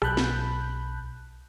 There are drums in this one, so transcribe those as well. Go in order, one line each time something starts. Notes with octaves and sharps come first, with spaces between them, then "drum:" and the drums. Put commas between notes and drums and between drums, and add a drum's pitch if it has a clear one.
B1 A5 B5 F#6 G6, drum: rim click
drum: snare